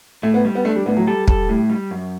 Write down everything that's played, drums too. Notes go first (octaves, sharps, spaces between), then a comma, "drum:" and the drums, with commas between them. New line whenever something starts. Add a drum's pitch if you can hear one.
A2 A3
B3
G3
B3
A3 D4
G3
A2 B3
F#3
G3 A4
A4, drum: kick
A2
G3
F#2